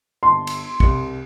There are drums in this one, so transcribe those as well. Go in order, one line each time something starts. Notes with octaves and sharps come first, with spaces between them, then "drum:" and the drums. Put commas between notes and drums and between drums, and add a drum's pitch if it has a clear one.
G1 A5 C6
drum: cymbal
C2 C#7, drum: kick